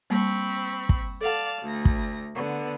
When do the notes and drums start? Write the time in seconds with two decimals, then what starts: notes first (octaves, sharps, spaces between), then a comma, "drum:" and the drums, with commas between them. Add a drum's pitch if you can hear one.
0.10 G3 A#3 C4 B5 C#6
0.89 drum: kick
1.21 A4 D5 F5 F#5 A5
1.61 D2 A#6
1.85 drum: kick
2.34 D3 B3